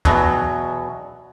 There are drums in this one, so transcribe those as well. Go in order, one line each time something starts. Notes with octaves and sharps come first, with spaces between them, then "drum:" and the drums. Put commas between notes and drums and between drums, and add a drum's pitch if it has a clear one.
E2 B2 F#3, drum: tom